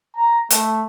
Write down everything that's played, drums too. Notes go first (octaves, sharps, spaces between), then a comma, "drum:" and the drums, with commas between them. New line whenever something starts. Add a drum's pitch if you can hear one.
A#5
A3, drum: hi-hat